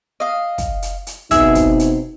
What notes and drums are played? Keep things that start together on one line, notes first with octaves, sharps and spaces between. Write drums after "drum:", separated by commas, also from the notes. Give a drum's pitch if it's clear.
D#5 F5
drum: kick, hi-hat
drum: hi-hat
drum: hi-hat
B2 C4 D#4 G#4 E5 E6, drum: kick, hi-hat
drum: kick, hi-hat
drum: hi-hat